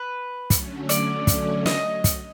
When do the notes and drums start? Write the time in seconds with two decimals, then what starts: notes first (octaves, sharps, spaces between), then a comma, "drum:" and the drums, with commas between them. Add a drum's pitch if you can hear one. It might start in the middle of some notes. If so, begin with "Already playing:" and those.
Already playing: B4
0.50 D3 F#3 A3 C#4, drum: kick, hi-hat
0.89 D5, drum: hi-hat
1.27 drum: kick, hi-hat
1.66 D#5, drum: snare
2.04 drum: kick, hi-hat